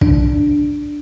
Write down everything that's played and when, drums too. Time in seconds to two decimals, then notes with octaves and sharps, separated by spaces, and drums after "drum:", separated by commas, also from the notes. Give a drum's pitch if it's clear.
0.01 D4, drum: kick